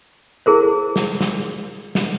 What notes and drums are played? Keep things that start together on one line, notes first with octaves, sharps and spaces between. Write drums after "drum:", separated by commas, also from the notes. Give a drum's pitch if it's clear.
E4 G#4 A#4 C5
drum: snare
drum: snare
drum: snare